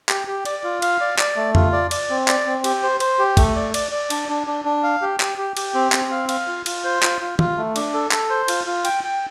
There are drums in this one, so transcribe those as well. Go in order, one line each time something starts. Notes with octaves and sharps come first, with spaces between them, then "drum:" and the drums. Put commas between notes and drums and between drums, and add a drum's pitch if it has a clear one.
G4, drum: clap
G4
D5, drum: cymbal
F4
F5, drum: cymbal
D5
D5, drum: clap
A3
F4, drum: tom F2
D5
D5, drum: cymbal
C4
D5, drum: clap
C4
G4, drum: cymbal
C5
C5, drum: cymbal
G4
A3, drum: kick, cymbal
D5
D5, drum: cymbal
D5
D4, drum: cymbal
D4
D4
D4
F5
G4
G4, drum: clap
G4
G4, drum: cymbal
C4
C4, drum: clap
F5
F5, drum: cymbal
F4
F4, drum: cymbal
C5
F4, drum: clap
F4
F4, drum: tom D#3
A3
D4, drum: cymbal
A4
A4, drum: clap
C5
F4, drum: cymbal
F4
G5, drum: cymbal
G5